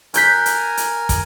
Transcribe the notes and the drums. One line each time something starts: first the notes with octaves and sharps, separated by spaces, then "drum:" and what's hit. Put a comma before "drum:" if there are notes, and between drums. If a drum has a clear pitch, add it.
A#4 G#5 F#6 G6 B6, drum: hi-hat
drum: hi-hat
drum: hi-hat
drum: kick, hi-hat